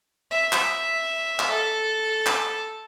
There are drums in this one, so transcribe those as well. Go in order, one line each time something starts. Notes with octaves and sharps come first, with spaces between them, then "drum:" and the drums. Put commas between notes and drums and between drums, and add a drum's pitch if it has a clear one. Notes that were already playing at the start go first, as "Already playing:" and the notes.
E5
drum: clap
drum: clap
A4
drum: clap